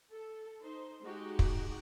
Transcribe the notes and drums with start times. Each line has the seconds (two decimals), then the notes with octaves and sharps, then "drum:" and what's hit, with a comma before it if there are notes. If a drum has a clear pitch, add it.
0.12 A4
0.63 D#4 C5
1.02 G#3 D#4 F#4 G4
1.39 drum: kick